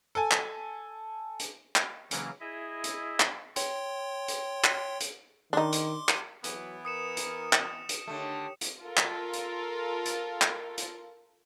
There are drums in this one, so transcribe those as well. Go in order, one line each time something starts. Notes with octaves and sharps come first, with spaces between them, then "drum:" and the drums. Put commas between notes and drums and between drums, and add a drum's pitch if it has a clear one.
A4 G#5
drum: clap
drum: hi-hat
drum: clap
C#3 E3 F#3 A#3 C#4, drum: hi-hat
E4 G#4 D#5 E5
drum: hi-hat
drum: clap
C#5 G5 C6, drum: hi-hat
drum: hi-hat
drum: clap
drum: hi-hat
D#3 D4 D#4 C6 D6
drum: hi-hat
drum: clap
E3 F#3 B3, drum: hi-hat
A#4 B4 D#6 C#7 E7
drum: hi-hat
drum: clap
drum: hi-hat
D3 D#3 A3 G4 C#5
drum: hi-hat
F4 A4 A#4
drum: clap
drum: hi-hat
drum: hi-hat
drum: clap
drum: hi-hat